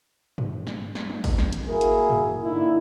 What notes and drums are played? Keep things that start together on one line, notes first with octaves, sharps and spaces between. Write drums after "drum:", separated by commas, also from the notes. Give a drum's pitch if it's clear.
drum: tom G2
drum: snare
drum: snare
drum: tom
drum: kick, open hi-hat
drum: snare
drum: hi-hat
A#3 E4 F#4 G#4 A#4
drum: hi-hat
drum: tom G2
D3 A#3 D#4 E4